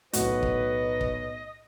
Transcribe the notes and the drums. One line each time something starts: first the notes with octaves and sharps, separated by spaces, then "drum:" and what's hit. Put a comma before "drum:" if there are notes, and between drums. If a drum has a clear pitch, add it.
B1 A2 D#4 F#4 B4 D#5, drum: hi-hat
drum: kick
drum: kick